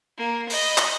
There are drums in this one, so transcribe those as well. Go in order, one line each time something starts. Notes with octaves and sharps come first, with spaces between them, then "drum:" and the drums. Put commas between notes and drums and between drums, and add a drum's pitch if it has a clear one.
A#3
D#5 B5, drum: open hi-hat
drum: clap